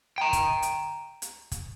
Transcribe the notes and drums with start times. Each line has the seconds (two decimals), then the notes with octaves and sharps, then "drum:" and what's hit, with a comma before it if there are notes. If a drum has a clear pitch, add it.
0.18 G5 A#5
0.33 drum: kick, hi-hat
0.62 drum: hi-hat
1.22 drum: hi-hat
1.52 drum: kick, hi-hat